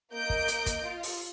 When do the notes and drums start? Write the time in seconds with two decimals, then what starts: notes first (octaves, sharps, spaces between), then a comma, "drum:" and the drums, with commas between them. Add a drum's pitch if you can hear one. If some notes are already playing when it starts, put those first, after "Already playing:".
0.13 A#3 D#5 G6 D7
0.30 drum: kick
0.48 drum: hi-hat
0.66 drum: kick, hi-hat
0.85 F4
1.03 drum: open hi-hat